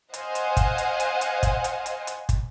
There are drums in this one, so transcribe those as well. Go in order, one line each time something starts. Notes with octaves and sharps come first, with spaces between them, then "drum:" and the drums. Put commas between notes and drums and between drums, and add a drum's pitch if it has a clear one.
C5 D#5 F5 F#5 G#5, drum: hi-hat
drum: hi-hat
drum: kick, hi-hat
drum: hi-hat
drum: hi-hat
drum: hi-hat
drum: kick, hi-hat
drum: hi-hat
drum: hi-hat
drum: hi-hat
drum: kick, hi-hat